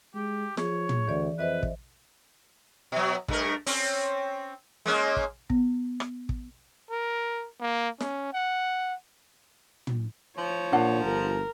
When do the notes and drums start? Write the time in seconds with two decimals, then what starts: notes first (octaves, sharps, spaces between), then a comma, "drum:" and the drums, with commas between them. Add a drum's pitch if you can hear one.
0.15 G#3 G4
0.57 F3 G#4 C#5, drum: snare
0.89 drum: tom
1.08 D2 E3 D5
1.39 F2 B4 C5 D#5 E5
1.63 drum: kick
2.92 B2 F#3
3.28 G2 A3 A#4, drum: kick
3.66 C4 C#4, drum: open hi-hat
4.86 G#3 A#3 C#4
5.16 drum: kick
5.50 B3, drum: kick
6.00 drum: rim click
6.29 drum: kick
6.91 A#4
7.61 A#3
8.01 C#4, drum: snare
8.33 F#5
9.87 drum: tom
10.38 F3 C#5
10.73 A#2 D4 F#5
11.04 G1 A#4